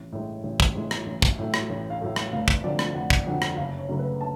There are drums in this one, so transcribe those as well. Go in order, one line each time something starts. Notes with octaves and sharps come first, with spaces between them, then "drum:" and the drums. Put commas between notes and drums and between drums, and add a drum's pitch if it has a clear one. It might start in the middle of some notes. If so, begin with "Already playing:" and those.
Already playing: A1
A2 G#3
A1
drum: kick
A2 G#3
drum: rim click
A1
drum: kick
A2 F#3 A3
drum: rim click
A1
F5
A2 F#3 A3
drum: rim click
F1 F5
drum: kick
F2 D3 F#3 D5
drum: rim click
F1 F#5
drum: kick
F2 D3 F#3 F#5
drum: rim click
F#1 F5
C#5
F#2 C#3 F#3 A3
B4
A5